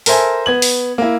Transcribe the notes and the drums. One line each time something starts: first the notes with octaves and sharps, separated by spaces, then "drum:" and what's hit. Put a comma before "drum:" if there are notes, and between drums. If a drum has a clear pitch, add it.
A4 A#4 C5 E5 G#5, drum: open hi-hat
B3 G#6 F#7
drum: open hi-hat
A#3 E4